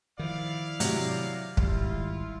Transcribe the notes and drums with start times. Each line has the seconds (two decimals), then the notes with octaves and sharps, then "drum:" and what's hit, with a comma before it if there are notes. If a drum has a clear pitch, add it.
0.19 D#3 F3 E4 D5 F5
0.80 C3 F#3, drum: hi-hat
1.57 G#1 G3 E4 F4, drum: kick